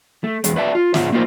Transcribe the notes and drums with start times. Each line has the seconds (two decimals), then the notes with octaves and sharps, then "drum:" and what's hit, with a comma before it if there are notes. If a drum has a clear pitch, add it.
0.24 A3
0.44 E2 G#3, drum: hi-hat
0.56 B4 D5 E5 A5
0.75 F4
0.94 C#2 G#2 C#4 F4 E5, drum: snare
1.12 A3 A#3 D#4 F4 A#4 C5